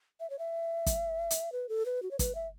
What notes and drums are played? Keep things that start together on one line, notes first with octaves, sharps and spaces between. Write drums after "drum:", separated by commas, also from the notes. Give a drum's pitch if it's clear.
E5
C#5
E5
drum: kick, hi-hat
drum: hi-hat
B4
A4
B4
F#4
C#5
B4, drum: kick, hi-hat
E5